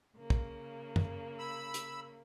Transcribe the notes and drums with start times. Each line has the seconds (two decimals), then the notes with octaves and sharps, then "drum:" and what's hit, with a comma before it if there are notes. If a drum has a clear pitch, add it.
0.18 C#3 A#3
0.30 drum: kick
0.96 drum: tom
1.39 B5 E6
1.74 drum: hi-hat